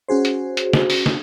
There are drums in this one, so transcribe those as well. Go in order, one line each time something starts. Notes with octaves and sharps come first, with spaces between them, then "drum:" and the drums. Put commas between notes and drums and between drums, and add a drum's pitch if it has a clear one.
C#4 F#4 G#4 C5
drum: hi-hat
drum: hi-hat
drum: snare
drum: open hi-hat
drum: snare